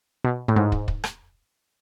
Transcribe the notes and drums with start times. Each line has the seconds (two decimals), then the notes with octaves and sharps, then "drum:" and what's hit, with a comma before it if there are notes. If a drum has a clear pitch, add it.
0.24 B2
0.48 A2
0.56 G#2
0.72 drum: kick
0.88 drum: kick
1.04 drum: rim click